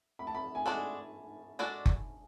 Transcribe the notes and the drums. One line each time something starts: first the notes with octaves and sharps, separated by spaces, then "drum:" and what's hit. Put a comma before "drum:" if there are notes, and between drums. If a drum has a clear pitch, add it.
B5
A5
B5
G#5
G#3 D4 F#4 A4 D5 A5
G#3 D4 F#4 A4 D5
drum: kick F#1